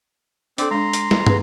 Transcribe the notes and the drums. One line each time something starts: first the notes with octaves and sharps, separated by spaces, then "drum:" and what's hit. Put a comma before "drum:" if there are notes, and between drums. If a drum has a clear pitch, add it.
C4 D4 A4 D5, drum: hi-hat
G#3 D4 A#5 C6
drum: hi-hat
drum: snare
G#4 B4, drum: tom